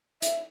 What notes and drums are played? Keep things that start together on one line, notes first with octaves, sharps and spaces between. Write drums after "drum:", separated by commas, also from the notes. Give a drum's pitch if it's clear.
E5, drum: hi-hat